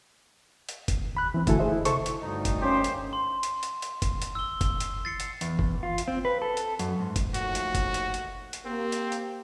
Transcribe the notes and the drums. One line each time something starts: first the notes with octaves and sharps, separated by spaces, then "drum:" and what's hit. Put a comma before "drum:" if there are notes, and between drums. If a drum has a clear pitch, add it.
drum: hi-hat
drum: kick F#1, hi-hat
D#2 B5 F#6
E3 C4
D3 A3 E4 F#4 A4 G#5, drum: kick F#1, hi-hat
G#4 C5 D#5 E5
E4
C3 A4 C5 C#6, drum: hi-hat
drum: hi-hat
D2 G2 D#4
drum: kick F#1, hi-hat
A#3 C#4 G4 C5
drum: hi-hat
C6
drum: hi-hat
drum: hi-hat
drum: hi-hat
drum: kick F#1, hi-hat
drum: hi-hat
E6 G7
drum: kick F#1, hi-hat
drum: hi-hat
A6 C7 C#7
drum: hi-hat
E2, drum: hi-hat
drum: kick F#1
F4
drum: hi-hat
C4
B4
A4
drum: hi-hat
F#2, drum: hi-hat
G#2
drum: kick F#1, hi-hat
D#2 F3 A3 F#4, drum: hi-hat
drum: hi-hat
drum: kick F#1, hi-hat
drum: hi-hat
drum: hi-hat
drum: hi-hat
A#3 C4 G4
drum: hi-hat
drum: hi-hat